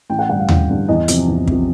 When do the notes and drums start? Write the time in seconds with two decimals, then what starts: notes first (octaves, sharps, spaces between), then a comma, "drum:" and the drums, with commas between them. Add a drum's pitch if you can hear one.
0.10 A1 G5
0.19 F#5
0.29 G2 D3 F#5
0.39 F5
0.49 A1, drum: tom D#2
0.69 G2 D3
0.88 E2 D#5
1.08 C3 F3, drum: hi-hat
1.28 E2
1.48 C3 F3, drum: kick